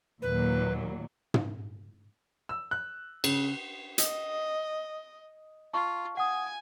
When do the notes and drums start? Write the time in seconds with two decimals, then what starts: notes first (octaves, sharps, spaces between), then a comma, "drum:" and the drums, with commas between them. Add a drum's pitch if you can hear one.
0.22 D#2 A#2 F#3 B4
1.34 drum: tom
2.49 E6
2.71 F#6
3.24 C#3, drum: cymbal
3.98 D#5, drum: hi-hat
5.73 F4 A5 C#6
6.17 F#5 G#5 D#6